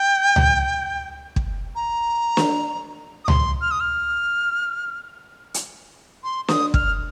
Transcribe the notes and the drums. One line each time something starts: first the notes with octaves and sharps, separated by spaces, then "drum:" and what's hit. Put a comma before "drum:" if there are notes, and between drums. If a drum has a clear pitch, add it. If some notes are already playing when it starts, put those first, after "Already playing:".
Already playing: G5
drum: tom C#2
drum: kick
A#5
drum: snare
D#6
C6, drum: tom C#2
F6
D#6
F6
drum: hi-hat
C6
D#6, drum: snare
F6, drum: kick